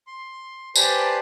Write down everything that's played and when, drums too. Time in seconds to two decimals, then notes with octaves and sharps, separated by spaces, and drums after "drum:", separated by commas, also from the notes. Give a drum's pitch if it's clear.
0.07 C6
0.76 G4 B4 C5 D5 G#5 A5, drum: tambourine